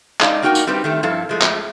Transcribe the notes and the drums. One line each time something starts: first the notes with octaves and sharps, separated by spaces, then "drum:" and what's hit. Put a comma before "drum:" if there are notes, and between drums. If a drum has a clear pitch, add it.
G#3 D#4 D5 D#5 F5, drum: clap
A#3 D#4 F#4 A#4 G5
drum: tambourine
G3 C4 D#4 G4 B4
D#3 A3 G4
G2 F3 E4 A4 F5
F3 G#3 A3
drum: clap